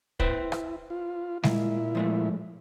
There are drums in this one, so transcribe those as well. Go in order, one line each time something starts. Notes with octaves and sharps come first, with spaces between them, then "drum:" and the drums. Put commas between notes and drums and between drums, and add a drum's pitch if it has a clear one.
E4 B4 C5 G5, drum: kick
drum: rim click
F4
A#2 G#3 E4, drum: snare G3
F3 G#3 A3